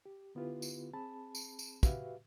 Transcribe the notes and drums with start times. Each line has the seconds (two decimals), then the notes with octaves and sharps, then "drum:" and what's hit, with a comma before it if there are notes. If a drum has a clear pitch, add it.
0.06 G4
0.35 D3 B3 E4 F4 G4 B4
0.62 drum: tambourine
0.93 C4 G#4 A5 B5
1.35 drum: tambourine
1.59 drum: tambourine
1.83 F#4 G4 B4 E5 F5, drum: kick, tambourine